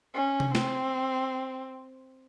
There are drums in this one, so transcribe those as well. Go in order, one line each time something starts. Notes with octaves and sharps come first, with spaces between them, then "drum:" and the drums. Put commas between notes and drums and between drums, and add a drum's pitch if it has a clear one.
C#4
drum: tom C3
C4, drum: snare